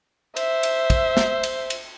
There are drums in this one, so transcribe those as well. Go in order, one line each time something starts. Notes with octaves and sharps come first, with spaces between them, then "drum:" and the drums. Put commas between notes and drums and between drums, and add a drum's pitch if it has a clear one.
C5 E5, drum: cymbal
drum: cymbal
drum: kick, cymbal
drum: snare
drum: cymbal
drum: cymbal